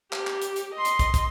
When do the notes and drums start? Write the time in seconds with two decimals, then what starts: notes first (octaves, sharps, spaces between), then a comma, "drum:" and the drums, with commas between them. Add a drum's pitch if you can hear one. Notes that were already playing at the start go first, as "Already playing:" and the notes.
0.13 G4, drum: clap
0.27 drum: clap
0.42 drum: hi-hat
0.56 drum: hi-hat
0.74 D#5 C6
0.85 drum: hi-hat
0.99 drum: kick, hi-hat
1.14 drum: kick, hi-hat